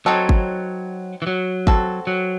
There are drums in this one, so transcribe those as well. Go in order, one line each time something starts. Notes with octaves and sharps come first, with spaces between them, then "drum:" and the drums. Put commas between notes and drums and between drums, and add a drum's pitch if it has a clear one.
F#3 C4 D#4 A4 C#5
drum: kick G1
E3
F#3
C4 F#4 A4, drum: kick G1
F#3